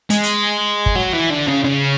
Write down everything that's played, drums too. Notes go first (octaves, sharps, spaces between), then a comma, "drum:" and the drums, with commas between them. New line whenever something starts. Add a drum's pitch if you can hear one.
G#3, drum: hi-hat
drum: hi-hat
drum: kick
F#3
E3
D3
C#3
C#3